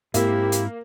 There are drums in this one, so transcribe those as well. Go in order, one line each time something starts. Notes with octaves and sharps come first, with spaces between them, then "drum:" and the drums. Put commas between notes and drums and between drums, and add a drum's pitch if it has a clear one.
G#2 A#3 C4 E4 G4, drum: hi-hat
drum: hi-hat